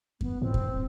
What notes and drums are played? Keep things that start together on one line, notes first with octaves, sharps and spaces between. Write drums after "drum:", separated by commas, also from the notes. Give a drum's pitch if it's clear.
B3, drum: kick F#2
A2 C4
D#1, drum: kick F#2